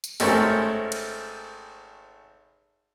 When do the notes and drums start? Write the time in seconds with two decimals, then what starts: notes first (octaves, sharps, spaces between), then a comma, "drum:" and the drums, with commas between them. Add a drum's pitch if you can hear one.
0.04 drum: tambourine
0.20 G#1 A3 C#4 A#4 C5 C#6, drum: open hi-hat
0.92 drum: cymbal